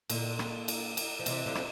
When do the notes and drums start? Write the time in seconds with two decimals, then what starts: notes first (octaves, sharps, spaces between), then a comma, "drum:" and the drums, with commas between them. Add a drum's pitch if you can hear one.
0.10 A#2 D3, drum: cymbal
0.39 drum: rim click
0.68 drum: cymbal
0.97 drum: cymbal
1.19 F3
1.26 C3 E3, drum: cymbal
1.46 D3 F3
1.55 drum: rim click